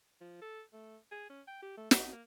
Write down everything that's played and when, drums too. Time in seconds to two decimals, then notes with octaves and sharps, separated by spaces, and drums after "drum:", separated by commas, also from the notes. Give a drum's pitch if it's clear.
0.21 F3
0.42 A4
0.73 A3
1.11 G#4
1.30 C#4
1.47 G5
1.62 G4
1.77 A3
1.91 D#4, drum: snare
2.13 A#3